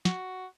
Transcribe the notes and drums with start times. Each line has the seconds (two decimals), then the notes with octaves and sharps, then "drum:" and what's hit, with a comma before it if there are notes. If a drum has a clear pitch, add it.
0.05 F#4, drum: snare